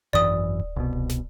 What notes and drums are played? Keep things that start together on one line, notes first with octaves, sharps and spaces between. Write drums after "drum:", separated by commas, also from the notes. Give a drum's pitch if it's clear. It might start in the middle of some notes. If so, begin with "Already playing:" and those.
G#1 F#2 E3 D5 D#6
drum: kick D1
C2 B2
drum: kick D1
drum: snare